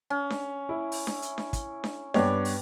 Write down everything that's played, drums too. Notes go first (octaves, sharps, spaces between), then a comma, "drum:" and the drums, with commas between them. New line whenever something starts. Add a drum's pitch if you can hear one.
C#4
drum: snare D4
E4
drum: open hi-hat
drum: snare D4
drum: hi-hat
drum: snare D4
drum: kick, hi-hat
drum: snare D4
G2 B3 G4 C#5 D5, drum: snare D4
drum: open hi-hat